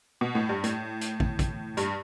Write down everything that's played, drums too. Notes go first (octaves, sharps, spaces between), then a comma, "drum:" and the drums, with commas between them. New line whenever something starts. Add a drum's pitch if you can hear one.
B2
A2
G2
A2, drum: hi-hat
drum: hi-hat
drum: kick
drum: kick, hi-hat
G2, drum: hi-hat